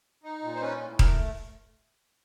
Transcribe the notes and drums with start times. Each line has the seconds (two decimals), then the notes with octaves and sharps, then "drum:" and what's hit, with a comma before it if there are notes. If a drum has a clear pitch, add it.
0.23 D#4
0.43 A#2
0.55 C5
0.61 C#4 B4
0.81 A2
0.99 A3 A#4, drum: kick D#1